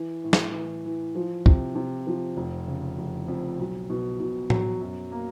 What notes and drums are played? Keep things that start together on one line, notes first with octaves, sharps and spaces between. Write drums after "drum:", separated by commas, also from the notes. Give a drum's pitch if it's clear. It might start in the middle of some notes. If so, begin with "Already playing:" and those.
Already playing: E3
A2
drum: snare
E3
E3
F3
C3, drum: kick
C3
F3
F1
C#3
F1
F2
B1
B2
B2
F#3, drum: tom
F#2
A#3